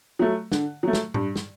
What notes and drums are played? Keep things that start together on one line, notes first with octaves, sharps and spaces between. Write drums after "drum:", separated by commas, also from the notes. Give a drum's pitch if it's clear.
F#3 A3
D3, drum: snare
F#3 A3
drum: snare
G2, drum: tom
drum: snare